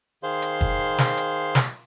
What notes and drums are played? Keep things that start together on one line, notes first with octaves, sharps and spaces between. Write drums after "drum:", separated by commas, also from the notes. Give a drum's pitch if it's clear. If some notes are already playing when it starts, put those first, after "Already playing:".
D#3 G#4 C5 F5 C6
drum: hi-hat
drum: kick
drum: snare
drum: hi-hat
drum: snare